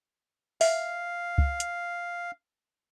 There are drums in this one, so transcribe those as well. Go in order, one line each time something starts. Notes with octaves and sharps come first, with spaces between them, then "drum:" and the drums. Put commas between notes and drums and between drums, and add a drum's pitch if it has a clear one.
E5 F5, drum: open hi-hat
drum: kick
drum: hi-hat